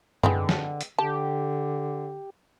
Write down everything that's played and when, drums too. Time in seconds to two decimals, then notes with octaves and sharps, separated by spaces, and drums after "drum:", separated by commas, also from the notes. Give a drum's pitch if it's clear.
0.23 D3 G#3 B3 C4, drum: tom F#2
0.49 drum: snare
0.81 drum: hi-hat
0.98 D3 G4 A5